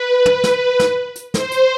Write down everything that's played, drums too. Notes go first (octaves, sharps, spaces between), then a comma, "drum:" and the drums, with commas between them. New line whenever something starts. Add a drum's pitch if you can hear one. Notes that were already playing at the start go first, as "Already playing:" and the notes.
Already playing: B4
drum: tom
drum: snare
drum: snare
drum: hi-hat
C5, drum: snare
drum: hi-hat